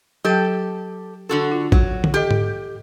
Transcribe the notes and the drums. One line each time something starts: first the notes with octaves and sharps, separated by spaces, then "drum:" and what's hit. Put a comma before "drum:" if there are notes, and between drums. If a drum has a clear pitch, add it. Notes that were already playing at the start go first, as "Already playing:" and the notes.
F#3 G4 A4 G5
D3 F#4 A4
F4
F#3, drum: kick
drum: tom D3
G4 A4 D#5
drum: tom G#2